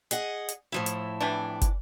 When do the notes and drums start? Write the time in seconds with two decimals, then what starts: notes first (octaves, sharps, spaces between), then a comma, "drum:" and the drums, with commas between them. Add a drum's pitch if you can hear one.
0.11 G#4 D#5 F#5, drum: hi-hat
0.49 drum: hi-hat
0.72 A2 F3 E4
0.86 drum: hi-hat
1.21 C3 E3 D4
1.61 drum: kick, hi-hat